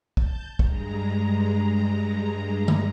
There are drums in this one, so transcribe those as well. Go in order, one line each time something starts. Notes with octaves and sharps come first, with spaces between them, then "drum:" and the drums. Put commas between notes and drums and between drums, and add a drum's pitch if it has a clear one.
A5 G6, drum: kick
G2 G#3 A#5, drum: kick
drum: tom D3